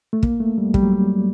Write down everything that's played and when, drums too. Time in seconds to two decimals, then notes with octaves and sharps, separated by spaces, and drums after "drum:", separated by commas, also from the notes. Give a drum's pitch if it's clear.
0.13 A3
0.23 A#3, drum: kick
0.40 A3
0.58 G3
0.74 G3, drum: kick
0.83 F#3
0.93 G3